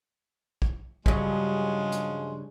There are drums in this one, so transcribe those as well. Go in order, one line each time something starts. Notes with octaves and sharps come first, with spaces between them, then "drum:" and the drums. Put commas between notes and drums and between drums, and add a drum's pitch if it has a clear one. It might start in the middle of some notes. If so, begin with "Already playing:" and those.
drum: kick
G2 C#3 F3 F#3 G#3, drum: kick
drum: hi-hat